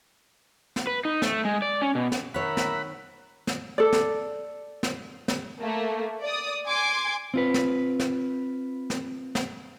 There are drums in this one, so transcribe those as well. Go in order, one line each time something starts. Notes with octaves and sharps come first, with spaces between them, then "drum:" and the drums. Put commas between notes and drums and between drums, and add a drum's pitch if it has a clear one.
drum: snare
B4
D#4
A3, drum: snare
G#3
D5
C#4
B2
drum: snare
D#3 A#4 C#5 E5 F#5 B5
drum: snare
drum: snare
A4 D5
drum: snare
drum: snare
drum: snare
A3 A#3
D5 D#6
G#5 C6 D6 G#6
C4 F4 B4
drum: snare
drum: snare
drum: snare
drum: snare